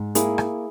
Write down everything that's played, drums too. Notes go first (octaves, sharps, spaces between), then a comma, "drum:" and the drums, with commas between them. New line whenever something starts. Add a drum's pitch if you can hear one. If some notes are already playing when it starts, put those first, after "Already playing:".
Already playing: G#2
A#3 E4 G#4, drum: hi-hat
drum: rim click